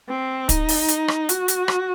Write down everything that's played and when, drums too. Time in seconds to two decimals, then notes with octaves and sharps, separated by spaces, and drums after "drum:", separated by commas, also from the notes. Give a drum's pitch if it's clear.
0.09 C4
0.49 D#4, drum: kick, hi-hat
0.69 drum: open hi-hat
0.88 drum: hi-hat
1.08 drum: rim click
1.29 F#4, drum: hi-hat
1.48 drum: hi-hat
1.68 drum: rim click